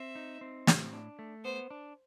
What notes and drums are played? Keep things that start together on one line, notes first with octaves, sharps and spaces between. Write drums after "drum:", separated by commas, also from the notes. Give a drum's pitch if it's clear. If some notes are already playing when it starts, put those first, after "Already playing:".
Already playing: C4 E5
D#4
C4
A2, drum: snare
D4
A3
B3 C5
D4